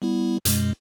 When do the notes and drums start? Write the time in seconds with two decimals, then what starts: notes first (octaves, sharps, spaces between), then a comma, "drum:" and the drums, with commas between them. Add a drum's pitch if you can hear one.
0.02 G3 B3 E4
0.45 F#2 B2 G#3, drum: hi-hat